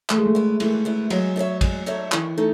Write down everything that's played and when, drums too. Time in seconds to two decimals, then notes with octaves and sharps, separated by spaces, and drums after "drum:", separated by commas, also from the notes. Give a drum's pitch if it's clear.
0.10 E3 A3, drum: clap
0.18 G#3
0.26 A3
0.35 B3 E4
0.60 E3 A3, drum: cymbal
0.85 B3 E4
1.10 F#3 G#3, drum: cymbal
1.36 D#4 A4 C#5 E5
1.61 G#3, drum: kick A1, cymbal
1.86 D#4 A4 C#5 E5
2.12 D#3 E3, drum: clap
2.38 A3 D#4 A4